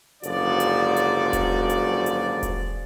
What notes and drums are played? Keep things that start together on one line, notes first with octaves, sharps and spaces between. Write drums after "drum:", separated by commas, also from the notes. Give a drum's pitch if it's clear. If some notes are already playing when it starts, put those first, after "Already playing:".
F#1 G#2 D3 F3 F#4 D5, drum: hi-hat
drum: hi-hat
drum: hi-hat
drum: kick E1, hi-hat
drum: hi-hat
drum: hi-hat
drum: kick E1, hi-hat